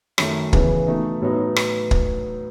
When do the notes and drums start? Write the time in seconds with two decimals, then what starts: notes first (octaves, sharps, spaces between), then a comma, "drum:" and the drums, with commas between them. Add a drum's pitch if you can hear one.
0.18 F#2 D#3 A3, drum: rim click
0.53 C#3 E3 B3, drum: kick
0.87 B2 A3 D#4
1.22 A2 F#3 B3 D#4
1.56 drum: rim click
1.91 drum: kick